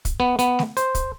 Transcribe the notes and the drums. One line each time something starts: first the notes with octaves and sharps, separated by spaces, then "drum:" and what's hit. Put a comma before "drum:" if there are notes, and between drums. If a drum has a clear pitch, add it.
drum: kick, hi-hat
B3
B3, drum: hi-hat
drum: snare A3
C5, drum: hi-hat
drum: kick, hi-hat